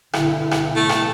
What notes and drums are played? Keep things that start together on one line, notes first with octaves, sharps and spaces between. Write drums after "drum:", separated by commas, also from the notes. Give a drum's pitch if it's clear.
G1 B2 D3 E4, drum: rim click
drum: rim click
A2 C3 F3 A3
drum: rim click